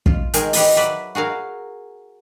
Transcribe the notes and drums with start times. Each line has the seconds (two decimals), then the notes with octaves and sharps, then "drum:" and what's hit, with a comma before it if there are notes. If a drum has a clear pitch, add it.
0.06 F4, drum: kick
0.34 D#3 G#3 A#4 C5 G#5, drum: hi-hat
0.53 G4 B4 D#5, drum: open hi-hat
0.77 F#3 B4 D5 E5
1.15 F#4 G#4 A#4 F5